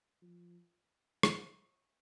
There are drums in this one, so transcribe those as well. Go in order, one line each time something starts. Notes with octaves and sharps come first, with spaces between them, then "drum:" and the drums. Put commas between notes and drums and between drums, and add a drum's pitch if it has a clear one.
F3
drum: rim click